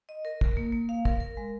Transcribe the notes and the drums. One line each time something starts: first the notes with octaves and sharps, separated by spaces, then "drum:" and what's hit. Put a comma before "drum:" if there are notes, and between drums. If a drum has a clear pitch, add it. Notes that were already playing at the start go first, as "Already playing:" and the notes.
D#5
A#4
A#4, drum: kick
A#3
A#3
F5
A#4, drum: kick
A#4
G#3